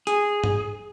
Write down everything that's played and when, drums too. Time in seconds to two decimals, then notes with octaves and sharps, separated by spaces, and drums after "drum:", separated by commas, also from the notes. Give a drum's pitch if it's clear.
0.07 G#4, drum: hi-hat
0.44 drum: tom G2